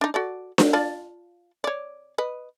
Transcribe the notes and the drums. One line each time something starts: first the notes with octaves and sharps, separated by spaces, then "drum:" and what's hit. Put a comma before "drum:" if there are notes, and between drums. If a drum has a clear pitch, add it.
D4 D#4
F#4 A4 D5
drum: snare D4
F4 D5 A5
C#5 D5
B4 D#5